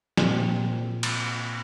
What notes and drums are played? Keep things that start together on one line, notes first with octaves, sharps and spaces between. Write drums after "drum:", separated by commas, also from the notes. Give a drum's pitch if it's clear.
A#2 C4, drum: snare
drum: cymbal